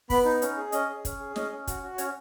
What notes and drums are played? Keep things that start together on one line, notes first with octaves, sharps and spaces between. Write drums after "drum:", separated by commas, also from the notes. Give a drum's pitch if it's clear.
B3 B5, drum: kick, open hi-hat
D#4
C#4, drum: hi-hat
G#4
C#4 D#5, drum: hi-hat
G#4
C#4, drum: kick, hi-hat
G#4
C#4 D#5, drum: snare
C#4
F#4, drum: kick, hi-hat
F#4
C#4 C#5, drum: hi-hat